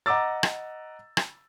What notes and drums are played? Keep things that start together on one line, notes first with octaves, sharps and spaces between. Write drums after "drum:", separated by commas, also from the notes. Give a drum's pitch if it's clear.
D#5 F#5 A#5 D6 E6 A6
drum: rim click
drum: rim click